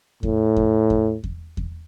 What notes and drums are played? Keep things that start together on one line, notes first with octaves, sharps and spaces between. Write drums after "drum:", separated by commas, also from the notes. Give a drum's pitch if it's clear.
A2, drum: kick E2
drum: kick E2
drum: kick E2
drum: kick E2
drum: kick E2